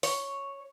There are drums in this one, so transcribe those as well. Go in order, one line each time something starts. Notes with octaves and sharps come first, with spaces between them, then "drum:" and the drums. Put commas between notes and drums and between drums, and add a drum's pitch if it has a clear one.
C#5, drum: open hi-hat